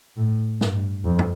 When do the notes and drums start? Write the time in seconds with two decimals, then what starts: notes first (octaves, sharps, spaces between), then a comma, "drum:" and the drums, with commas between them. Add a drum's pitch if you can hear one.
0.17 A2
0.61 G2, drum: snare
1.04 F2
1.19 drum: tom